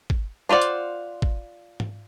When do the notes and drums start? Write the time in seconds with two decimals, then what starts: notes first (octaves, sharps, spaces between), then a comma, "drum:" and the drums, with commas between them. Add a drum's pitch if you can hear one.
0.10 drum: kick
0.49 D4 F4 C5 D5 F#5
0.62 drum: hi-hat
1.22 drum: kick
1.80 drum: tom G#2